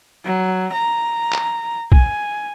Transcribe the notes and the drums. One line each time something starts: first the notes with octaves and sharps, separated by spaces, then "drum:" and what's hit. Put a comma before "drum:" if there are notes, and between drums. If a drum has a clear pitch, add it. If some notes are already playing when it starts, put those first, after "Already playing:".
F#3
A#5
drum: clap
G#5, drum: kick